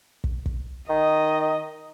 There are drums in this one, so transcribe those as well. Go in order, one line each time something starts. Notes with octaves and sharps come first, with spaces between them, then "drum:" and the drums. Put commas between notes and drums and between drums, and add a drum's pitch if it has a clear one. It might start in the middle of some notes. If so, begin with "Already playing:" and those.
drum: kick
drum: kick
D#3 D#5